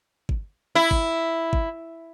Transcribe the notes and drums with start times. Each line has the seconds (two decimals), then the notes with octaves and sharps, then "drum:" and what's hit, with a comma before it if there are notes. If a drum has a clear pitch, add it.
0.29 drum: kick
0.75 E4
0.91 drum: kick
1.53 drum: kick